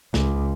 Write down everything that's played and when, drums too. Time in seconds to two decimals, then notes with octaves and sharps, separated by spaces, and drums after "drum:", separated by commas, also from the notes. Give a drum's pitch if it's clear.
0.14 C#2, drum: snare